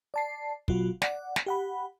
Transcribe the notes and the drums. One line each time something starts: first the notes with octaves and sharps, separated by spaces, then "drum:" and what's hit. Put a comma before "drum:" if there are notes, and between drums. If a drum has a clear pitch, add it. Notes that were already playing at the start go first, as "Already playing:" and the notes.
D5 A5 C7
B2 F#3 F4 F#4, drum: kick
D5 F#5, drum: snare
drum: snare
G4 F#5 B5